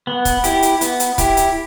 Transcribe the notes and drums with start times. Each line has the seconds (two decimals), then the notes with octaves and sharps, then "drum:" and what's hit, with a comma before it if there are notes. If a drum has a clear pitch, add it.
0.07 B3
0.25 drum: kick C#1, hi-hat
0.44 E4 G4, drum: hi-hat
0.62 drum: hi-hat
0.81 B3, drum: hi-hat
1.00 drum: hi-hat
1.18 E4 G4, drum: kick C#1, hi-hat
1.37 drum: hi-hat